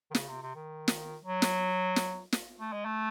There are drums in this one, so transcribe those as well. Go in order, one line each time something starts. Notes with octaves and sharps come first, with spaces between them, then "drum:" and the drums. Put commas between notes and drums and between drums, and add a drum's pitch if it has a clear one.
D#3
C#3, drum: snare
C3
C3
D#3
drum: snare
F#3
drum: snare
drum: snare
drum: snare
A3
G#3
A3